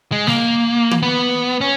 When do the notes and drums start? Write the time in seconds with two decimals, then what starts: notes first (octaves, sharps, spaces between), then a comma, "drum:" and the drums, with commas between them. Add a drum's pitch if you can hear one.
0.12 G#3
0.27 A#3, drum: snare
0.91 drum: tom
1.02 B3
1.61 C#4